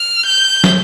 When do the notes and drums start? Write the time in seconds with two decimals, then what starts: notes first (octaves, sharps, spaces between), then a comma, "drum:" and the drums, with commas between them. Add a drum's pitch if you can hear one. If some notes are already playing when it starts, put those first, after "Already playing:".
Already playing: F6
0.26 G6
0.64 drum: snare